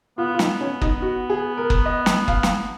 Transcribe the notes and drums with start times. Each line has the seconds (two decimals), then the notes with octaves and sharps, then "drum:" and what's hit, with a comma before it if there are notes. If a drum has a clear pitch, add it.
0.18 B3 F4
0.34 F4
0.39 D#4, drum: snare
0.61 C#4
0.81 D#4, drum: kick F#1
1.02 F#4
1.30 G#4
1.57 A#4
1.70 drum: kick F#1
1.86 D#5
2.06 drum: snare
2.28 F5, drum: kick F#1
2.43 drum: snare